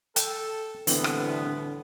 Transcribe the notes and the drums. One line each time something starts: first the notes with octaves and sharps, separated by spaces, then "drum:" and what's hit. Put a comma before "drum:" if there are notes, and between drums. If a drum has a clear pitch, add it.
A4 G5, drum: hi-hat
C2 A2 D3 E3 B3 C4, drum: open hi-hat
drum: rim click